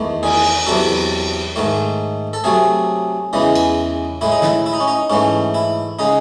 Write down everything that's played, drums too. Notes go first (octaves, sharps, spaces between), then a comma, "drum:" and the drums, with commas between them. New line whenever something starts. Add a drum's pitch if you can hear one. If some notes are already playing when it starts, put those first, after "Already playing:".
Already playing: E2 D#3 A3
G#4, drum: cymbal
E2 C3 F#3 A4
G#2 D#3 A3
A4
C3 F#3 A3 G#4
E2 C#3 E3 G#3
drum: cymbal
A2 G#3 E4
D#4
E4, drum: snare
E4
D#4
C#4
D#4
G#2 E3 A3 C#4
E4
C#3 G#3 D#4